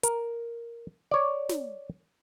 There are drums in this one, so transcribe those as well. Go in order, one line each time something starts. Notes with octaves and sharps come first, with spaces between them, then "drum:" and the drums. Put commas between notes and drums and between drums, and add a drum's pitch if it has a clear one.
A#4, drum: hi-hat
C#5 D5
drum: snare